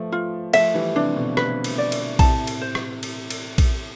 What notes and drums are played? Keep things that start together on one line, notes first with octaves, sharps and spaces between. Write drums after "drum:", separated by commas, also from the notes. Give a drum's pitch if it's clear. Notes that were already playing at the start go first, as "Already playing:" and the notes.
Already playing: F3 A3 B3
F4
F3 A3 E5, drum: cymbal
E3 G3
C3 E3 D4
B2 D3
B4, drum: rim click
drum: cymbal
D5
drum: cymbal
A2 C3 A5, drum: kick A#1, cymbal
drum: cymbal
C5
drum: rim click
drum: cymbal
drum: cymbal
drum: kick A#1, cymbal